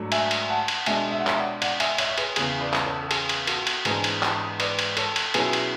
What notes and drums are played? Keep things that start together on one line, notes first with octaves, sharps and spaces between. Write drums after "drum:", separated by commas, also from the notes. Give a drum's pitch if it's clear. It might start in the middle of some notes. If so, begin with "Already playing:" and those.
Already playing: G#2 F#3 A3 D4
E5 G#5, drum: cymbal
drum: cymbal
F#5 A5
drum: cymbal
B2 G#3 D4 E5 G#5, drum: cymbal
E5
F#5
C#5 E5, drum: clap
D5 F#5
D5 F#5, drum: cymbal
E5 G#5, drum: cymbal
C#5 E5, drum: cymbal
C#5
G#4 B4, drum: cymbal
E2 C#3 E3 B3 G#4 B4, drum: cymbal
B4 D5
drum: clap
A4 C#5
A4
G#4, drum: cymbal
drum: cymbal
F#4 A4, drum: cymbal
drum: cymbal
G#2 E3 G#3 B3 D4 G#4 B4, drum: cymbal
drum: cymbal
drum: clap
B4 D5, drum: cymbal
drum: cymbal
A4 C#5, drum: cymbal
drum: cymbal
B2 F#3 C#4 E4 G#4 B4, drum: cymbal
drum: cymbal